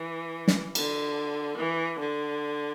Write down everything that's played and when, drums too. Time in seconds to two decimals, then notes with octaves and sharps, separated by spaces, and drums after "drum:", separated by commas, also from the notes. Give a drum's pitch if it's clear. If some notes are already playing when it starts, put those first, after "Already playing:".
Already playing: E3
0.48 drum: snare
0.75 D3, drum: cymbal
1.57 E3
2.00 D3